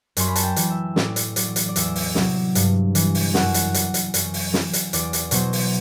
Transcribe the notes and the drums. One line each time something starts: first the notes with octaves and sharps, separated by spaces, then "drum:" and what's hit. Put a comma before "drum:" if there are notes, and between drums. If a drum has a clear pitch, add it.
F#2 C6, drum: hi-hat
B5
A5, drum: hi-hat
G5
E3, drum: hi-hat
E5
A2 D5, drum: snare
drum: hi-hat
F#3 D5, drum: hi-hat
drum: hi-hat
D5
E2 E5, drum: hi-hat
drum: open hi-hat
C3 F#3, drum: snare
G2, drum: hi-hat
E3, drum: hi-hat
drum: open hi-hat
F#2 F#5, drum: snare
drum: hi-hat
E3, drum: hi-hat
drum: hi-hat
F#2, drum: hi-hat
drum: open hi-hat
E3, drum: snare
drum: hi-hat
E2 D5, drum: hi-hat
drum: hi-hat
B2 F#3 C5, drum: hi-hat
drum: open hi-hat